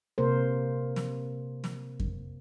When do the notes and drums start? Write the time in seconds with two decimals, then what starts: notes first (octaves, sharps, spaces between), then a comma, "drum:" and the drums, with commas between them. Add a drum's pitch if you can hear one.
0.18 C3 A#3 A#4 C5
0.96 drum: snare
1.64 drum: snare
2.00 drum: kick F2